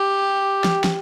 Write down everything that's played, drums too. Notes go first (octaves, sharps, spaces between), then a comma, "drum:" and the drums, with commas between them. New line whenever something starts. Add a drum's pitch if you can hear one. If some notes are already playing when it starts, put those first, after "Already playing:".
Already playing: G4
drum: snare
drum: snare